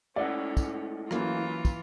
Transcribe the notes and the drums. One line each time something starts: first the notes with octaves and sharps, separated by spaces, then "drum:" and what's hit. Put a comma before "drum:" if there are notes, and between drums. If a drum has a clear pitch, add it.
G#2 A3 C#4 D5 F#5
drum: kick, tambourine
E3 F#3 A#3 C#4 F4, drum: rim click
drum: kick, tambourine